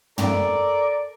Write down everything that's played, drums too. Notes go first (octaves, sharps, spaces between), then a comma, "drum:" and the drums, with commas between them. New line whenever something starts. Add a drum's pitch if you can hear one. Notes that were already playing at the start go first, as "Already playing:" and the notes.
A4 A#4 D5, drum: tom